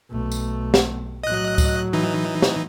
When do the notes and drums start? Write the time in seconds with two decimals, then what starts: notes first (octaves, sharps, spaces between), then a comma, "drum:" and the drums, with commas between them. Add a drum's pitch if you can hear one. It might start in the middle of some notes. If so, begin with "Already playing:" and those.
0.10 B1 A3
0.32 drum: tambourine
0.74 drum: snare
1.23 A2 F#3 D#5 F#6
1.58 drum: kick C#2, tambourine
1.93 E3 D#4
2.42 drum: snare